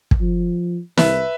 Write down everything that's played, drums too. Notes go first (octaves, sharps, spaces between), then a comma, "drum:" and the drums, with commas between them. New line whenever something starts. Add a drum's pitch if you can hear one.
drum: kick
F3
C2 B4 E5, drum: snare